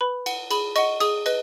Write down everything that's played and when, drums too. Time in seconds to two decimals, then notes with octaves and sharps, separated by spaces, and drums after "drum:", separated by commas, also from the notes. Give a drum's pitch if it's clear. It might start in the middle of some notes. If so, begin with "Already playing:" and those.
0.01 B4 B5
0.26 F#5, drum: cymbal
0.51 G#4 B5, drum: cymbal
0.76 D#5 F#5 C#6, drum: cymbal
1.00 G#4 D#6, drum: cymbal
1.26 B4 D#5, drum: cymbal